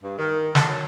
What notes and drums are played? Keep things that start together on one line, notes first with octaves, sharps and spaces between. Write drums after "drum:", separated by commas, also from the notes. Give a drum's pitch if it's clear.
G2
D#3
A4, drum: snare
F#3